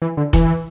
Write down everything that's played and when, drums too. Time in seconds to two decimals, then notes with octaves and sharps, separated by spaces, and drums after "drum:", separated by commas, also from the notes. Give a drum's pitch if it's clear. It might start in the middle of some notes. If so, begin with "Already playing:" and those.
0.02 E3
0.17 D3
0.33 E3, drum: kick F1, hi-hat